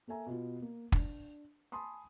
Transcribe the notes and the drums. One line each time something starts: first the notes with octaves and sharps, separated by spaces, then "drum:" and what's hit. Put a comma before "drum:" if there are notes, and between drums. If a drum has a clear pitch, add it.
A#3 A4 E5 G#5 A#5
B2 F4
A#3
D4, drum: kick
G#5 A5 B5 C6 D#6